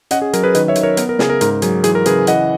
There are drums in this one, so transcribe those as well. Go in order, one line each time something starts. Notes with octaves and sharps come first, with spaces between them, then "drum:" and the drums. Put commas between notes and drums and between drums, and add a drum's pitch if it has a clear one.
C#4 D#5 F#5, drum: hi-hat
G#4
F#3 A#4, drum: hi-hat
G#4 B4
D#3 B4 D#5, drum: hi-hat
C#5 E5
D#3, drum: hi-hat
A#4 C#5
B3 A#4, drum: hi-hat
A#4
C#3 G#4, drum: snare
A#4
G#2 A#4, drum: hi-hat
F#3 G#4, drum: hi-hat
E3 G#4, drum: hi-hat
A#4
C#3 G#4 B4, drum: hi-hat
E3 D#5 F#5, drum: hi-hat